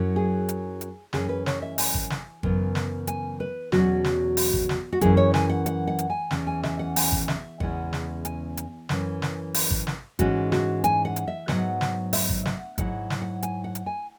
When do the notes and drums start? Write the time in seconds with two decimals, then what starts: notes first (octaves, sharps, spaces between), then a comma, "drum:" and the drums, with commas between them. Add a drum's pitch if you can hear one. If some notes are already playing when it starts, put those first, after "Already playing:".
Already playing: F#2 F#3 C#4 E4
0.16 G#4
0.49 drum: hi-hat
0.81 drum: hi-hat
1.13 F#2 E3 C#4 G#4, drum: snare
1.29 B4
1.46 C#5, drum: snare
1.62 E5
1.78 G#5, drum: open hi-hat
1.94 drum: kick G#1
2.10 drum: snare
2.43 F#2 C#3 E3 B3, drum: kick G#1
2.75 drum: snare
3.07 G#5, drum: hi-hat
3.40 B4
3.72 E2 B2 F#3 C#4 F#4, drum: snare
4.04 drum: snare
4.37 drum: open hi-hat
4.53 drum: kick G#1
4.69 drum: snare
4.93 F#4
5.01 F#2 E3 C#4 E4 G#4, drum: kick G#1, hi-hat
5.17 C#5
5.34 G#5, drum: snare
5.49 F#5
5.66 F#5, drum: hi-hat
5.87 F#5
5.99 drum: hi-hat
6.10 G#5
6.31 E2 E3 C#4, drum: snare
6.47 G#5
6.63 E5, drum: snare
6.79 F#5
6.96 G#5, drum: open hi-hat
7.12 drum: kick G#1
7.28 E5, drum: snare
7.60 E2 C#3 G#3 C#4 E4 F#5, drum: kick G#1
7.93 drum: snare
8.25 G#5, drum: hi-hat
8.57 drum: hi-hat
8.89 F#2 E3 C#4, drum: snare
9.22 drum: snare
9.54 drum: open hi-hat
9.71 drum: kick G#1
9.87 drum: snare
10.19 G#2 E3 G#3 C#4 F#4, drum: kick G#1, hi-hat
10.52 F#4, drum: snare
10.84 G#5, drum: hi-hat
11.05 F#5
11.16 drum: hi-hat
11.28 E5
11.48 G#2 F#3 B3 F#5, drum: snare
11.81 drum: snare
12.13 E5, drum: open hi-hat
12.29 drum: kick G#1
12.45 F#5, drum: snare
12.78 G#2 F#3 E4 F#5, drum: kick G#1, hi-hat
13.10 drum: snare
13.21 F#5
13.43 G#5, drum: hi-hat
13.64 F#5
13.75 drum: hi-hat
13.86 G#5